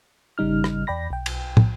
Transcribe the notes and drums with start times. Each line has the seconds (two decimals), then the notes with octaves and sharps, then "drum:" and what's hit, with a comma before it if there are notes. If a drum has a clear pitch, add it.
0.38 G#1 C#3 G3 D#4 F6
0.64 drum: rim click
0.87 E2 D5 G5 B5 A#6
1.11 B1 G5
1.26 drum: cymbal
1.57 drum: tom